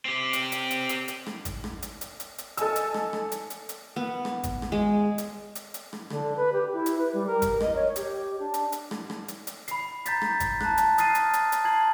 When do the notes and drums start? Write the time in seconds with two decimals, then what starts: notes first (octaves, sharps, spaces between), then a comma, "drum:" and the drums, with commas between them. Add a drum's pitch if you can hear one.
0.05 C4 G4
0.33 drum: hi-hat
0.52 drum: hi-hat
0.71 drum: hi-hat
0.89 drum: hi-hat
1.08 drum: hi-hat
1.26 drum: rim click
1.45 drum: kick G#1, hi-hat
1.64 drum: rim click
1.82 drum: hi-hat
2.01 drum: hi-hat
2.20 drum: hi-hat
2.38 drum: hi-hat
2.57 A4 D#5 G#5 E6, drum: hi-hat
2.76 drum: hi-hat
2.94 drum: rim click
3.13 drum: rim click
3.32 drum: hi-hat
3.50 drum: hi-hat
3.69 drum: hi-hat
3.96 B3
4.25 drum: rim click
4.43 drum: kick G#1, hi-hat
4.62 drum: rim click
4.72 G#3
5.18 drum: hi-hat
5.55 drum: hi-hat
5.74 drum: hi-hat
5.93 drum: rim click
6.10 D3, drum: rim click
6.36 B4
6.52 G4
6.72 E4
6.86 drum: hi-hat
6.98 B4
7.13 G3
7.27 A#4
7.42 drum: kick G#1, hi-hat
7.60 D#5, drum: rim click
7.75 C#5
7.96 G4, drum: hi-hat
8.39 D4
8.54 drum: hi-hat
8.72 drum: hi-hat
8.91 drum: rim click
9.10 drum: rim click
9.28 drum: hi-hat
9.47 drum: hi-hat
9.68 B5 C7, drum: hi-hat
10.06 A#5 G6 A6 B6, drum: hi-hat
10.22 drum: rim click
10.40 drum: kick G#1, hi-hat
10.60 A5 A#5 F#6, drum: rim click
10.77 drum: hi-hat
10.98 D#6 F6 A6 C7 D#7, drum: hi-hat
11.15 drum: hi-hat
11.33 drum: hi-hat
11.52 drum: hi-hat
11.64 A5 A#5 G#6 C7 F#7